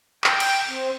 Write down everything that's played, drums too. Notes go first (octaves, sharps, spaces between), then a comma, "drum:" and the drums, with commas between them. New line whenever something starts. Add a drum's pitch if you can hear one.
G5, drum: clap
drum: cymbal
C4